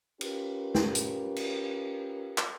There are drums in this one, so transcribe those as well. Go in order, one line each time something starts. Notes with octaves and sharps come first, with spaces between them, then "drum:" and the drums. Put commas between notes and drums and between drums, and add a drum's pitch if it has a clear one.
C#4 F4 G4 A#4 B4, drum: cymbal
drum: snare
drum: hi-hat
drum: cymbal
drum: clap